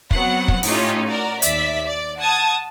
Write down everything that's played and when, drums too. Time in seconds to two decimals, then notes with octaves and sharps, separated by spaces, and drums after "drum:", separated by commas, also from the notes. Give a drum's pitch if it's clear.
0.11 F#3 B3 C4 F#5, drum: kick
0.48 drum: kick
0.63 A2 C#4 D#4 F4 G4, drum: open hi-hat
1.08 F#4 A#4 D5
1.42 D#2 D5 E5 B6, drum: hi-hat
1.85 D5
2.21 F#5 A5 D#6 G#6